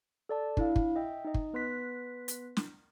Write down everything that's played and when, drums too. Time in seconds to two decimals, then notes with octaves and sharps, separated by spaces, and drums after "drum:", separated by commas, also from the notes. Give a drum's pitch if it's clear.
0.29 A4 D5 A5
0.57 D4 E4 F5, drum: kick
0.76 drum: kick
0.96 D#5 E5 G5
1.25 D#4 D#5
1.34 drum: kick
1.53 B3 B4 C6 F#6 B6
2.28 drum: hi-hat
2.57 drum: snare